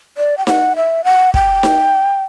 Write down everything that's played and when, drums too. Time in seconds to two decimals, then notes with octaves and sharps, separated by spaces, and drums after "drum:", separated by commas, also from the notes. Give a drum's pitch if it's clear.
0.18 D5
0.38 G5
0.47 F#5, drum: snare D#4
0.76 E5
1.04 F#5
1.34 G5, drum: kick
1.63 drum: snare D#4